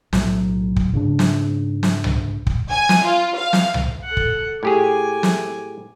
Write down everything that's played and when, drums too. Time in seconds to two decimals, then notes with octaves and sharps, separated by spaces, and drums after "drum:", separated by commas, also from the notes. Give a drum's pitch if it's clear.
0.13 B1 A2 F#3, drum: snare
0.76 drum: kick
0.93 G#2 C#3 D4
1.19 drum: snare
1.83 drum: snare
2.04 drum: tom C2
2.47 drum: kick
2.70 G#5
2.89 drum: snare
3.04 F4
3.37 F5
3.53 drum: snare
3.74 drum: tom C2
4.05 A4 F#5
4.17 drum: kick
4.63 A2 G4 G#4 G#5 D6
5.23 drum: snare